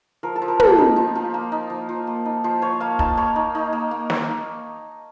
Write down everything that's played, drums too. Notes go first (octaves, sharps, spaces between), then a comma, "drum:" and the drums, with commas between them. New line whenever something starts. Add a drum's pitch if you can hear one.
F3 A#4
A4
F3
A#4
A#3, drum: tom
D#4
F3
F3
A#3
D#4
F3
F3
A#3
D#4
F3 C5
F3 C#5
A#3 F5
D#4 A5, drum: kick
A#3 C#5
D#4
D#4
A#3
A#3
D#4, drum: snare
D#4